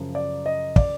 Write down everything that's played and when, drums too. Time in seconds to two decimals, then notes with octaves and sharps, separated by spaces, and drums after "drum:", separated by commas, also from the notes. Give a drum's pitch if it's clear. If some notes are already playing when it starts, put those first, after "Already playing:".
Already playing: F#2 C#3 F3
0.15 D5
0.46 D#5
0.76 D5, drum: kick